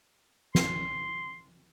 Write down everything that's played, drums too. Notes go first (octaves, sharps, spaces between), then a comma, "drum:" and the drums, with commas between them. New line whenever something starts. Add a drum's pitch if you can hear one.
C6, drum: snare